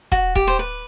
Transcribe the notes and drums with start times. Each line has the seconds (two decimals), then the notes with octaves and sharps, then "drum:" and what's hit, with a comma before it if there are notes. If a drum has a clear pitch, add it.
0.12 F#4, drum: kick
0.35 G4, drum: kick
0.47 C5
0.59 B4